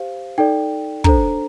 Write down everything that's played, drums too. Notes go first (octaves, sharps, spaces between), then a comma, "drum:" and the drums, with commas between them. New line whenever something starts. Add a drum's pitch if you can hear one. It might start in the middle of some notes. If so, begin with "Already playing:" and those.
Already playing: G4 C5 F5
D#4 A4 D5 G5
D4 A4 C5 A#5, drum: kick